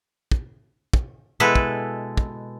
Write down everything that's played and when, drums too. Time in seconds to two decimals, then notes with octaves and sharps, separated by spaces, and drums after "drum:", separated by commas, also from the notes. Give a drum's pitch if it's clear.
0.31 drum: kick
0.93 drum: kick
1.40 B2 G#3 E4 A4 B4
1.55 drum: kick
2.17 drum: kick